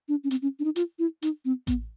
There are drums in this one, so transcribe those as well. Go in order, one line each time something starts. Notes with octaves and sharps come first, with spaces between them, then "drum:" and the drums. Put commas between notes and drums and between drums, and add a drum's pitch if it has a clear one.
D4
C#4
C4, drum: hi-hat
C#4
D4
D#4
F4, drum: hi-hat
E4
D#4, drum: hi-hat
C4
B3, drum: kick A1, hi-hat